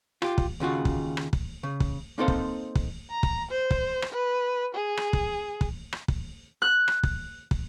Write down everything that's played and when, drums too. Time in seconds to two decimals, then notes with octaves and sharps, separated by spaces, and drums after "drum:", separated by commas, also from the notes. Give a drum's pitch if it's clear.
0.22 F4 G4, drum: rim click
0.38 drum: kick
0.60 D#2 C#3 F4 F#4
0.85 drum: kick
1.17 drum: rim click
1.33 drum: kick
1.63 C#3
1.80 drum: kick
2.18 A#3 C4 D#4 A4 C5 F5
2.28 drum: kick
2.75 drum: kick
3.11 A#5
3.23 drum: kick
3.51 C5
3.71 drum: kick
4.02 drum: rim click
4.12 B4
4.75 G#4
4.97 drum: rim click
5.13 drum: kick
5.61 drum: kick
5.92 drum: rim click
6.08 drum: kick
6.62 F#6
6.88 drum: rim click
7.03 drum: kick
7.51 drum: kick